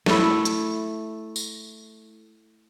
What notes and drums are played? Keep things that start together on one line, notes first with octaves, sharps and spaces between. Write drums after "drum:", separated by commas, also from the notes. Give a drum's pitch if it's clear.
A3 E4, drum: snare
drum: hi-hat
drum: tambourine